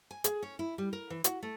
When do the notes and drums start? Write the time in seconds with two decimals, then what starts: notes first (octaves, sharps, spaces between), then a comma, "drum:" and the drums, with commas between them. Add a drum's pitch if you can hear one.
0.11 G#5
0.24 G#4, drum: hi-hat
0.43 C#4
0.59 E4
0.78 G3
0.93 A#4
1.10 E3
1.24 F#4, drum: hi-hat
1.43 A3